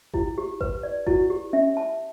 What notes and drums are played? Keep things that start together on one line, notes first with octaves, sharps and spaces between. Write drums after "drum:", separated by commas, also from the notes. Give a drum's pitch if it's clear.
E4 G4, drum: kick G#1
G4
B4, drum: kick G#1
D5
E4 F#4, drum: kick G#1
G4
C#4 E5
A5